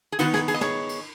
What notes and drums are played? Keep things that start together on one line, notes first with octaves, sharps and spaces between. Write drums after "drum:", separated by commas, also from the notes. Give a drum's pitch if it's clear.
G#4
D#3 B3 D#4 F#4 B4, drum: cymbal
G#4, drum: snare
G#4, drum: cymbal
D#5
G#4 C#5, drum: snare
drum: cymbal